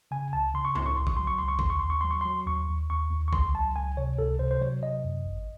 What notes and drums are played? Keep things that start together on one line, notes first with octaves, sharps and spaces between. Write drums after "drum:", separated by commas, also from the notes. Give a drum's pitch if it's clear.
C#3 G#5
C#2 A5
C#3 C6
C#6
C#2 C6, drum: tom
C#6
C#2 C6
C#6, drum: kick A#1
F#3 C6
C#6
C#2 C6
C#6
D#2 C6, drum: kick A#1
C#6
D#2 C6
C#6
F#3 C6
C#6
F#3 C6
D#2 C#6
D#2
D#2 C#6
D#2
C#6
C#2 C6, drum: kick A#1
F#3 A5
C#2 G#5
C3 C#5
C#2 A4
C3 C5
C5
F#3 C#5
C3 D#5
F#2
G#1